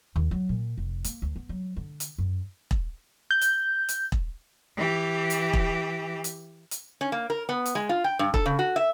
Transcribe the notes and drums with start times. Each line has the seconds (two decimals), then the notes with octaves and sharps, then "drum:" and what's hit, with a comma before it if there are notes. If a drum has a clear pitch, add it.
0.16 D#2
0.31 F#3
0.49 A#2
0.78 F1
1.04 A#3, drum: hi-hat
1.22 D2
1.36 B3
1.49 F#3
1.77 D3
2.00 drum: hi-hat
2.18 F#2
2.71 drum: kick E1
3.31 G6
3.41 drum: hi-hat
3.89 drum: hi-hat
4.12 drum: kick E1
4.76 E3 G4
5.30 drum: hi-hat
5.53 drum: kick E1
6.24 drum: hi-hat
6.71 drum: hi-hat
7.01 C#4
7.12 A#3
7.30 A#4
7.49 B3
7.66 drum: hi-hat
7.75 G#3
7.89 F4
8.04 G5
8.19 G2
8.34 A4, drum: kick E1
8.46 C#3
8.59 F#4
8.76 E5